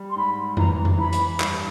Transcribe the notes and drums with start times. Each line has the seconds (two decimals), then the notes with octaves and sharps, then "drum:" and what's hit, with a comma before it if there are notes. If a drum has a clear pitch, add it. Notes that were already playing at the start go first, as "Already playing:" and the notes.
Already playing: G3
0.10 C6
0.16 G#2 B5
0.57 E3 A#5, drum: tom F2
0.85 drum: tom F2
0.98 E3 B5
1.13 drum: hi-hat
1.40 G2, drum: clap